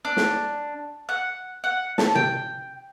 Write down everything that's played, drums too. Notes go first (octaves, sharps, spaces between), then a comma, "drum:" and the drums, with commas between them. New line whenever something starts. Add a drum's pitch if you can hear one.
D4
drum: snare
F#5
F#5
A5, drum: snare
G5, drum: tom C3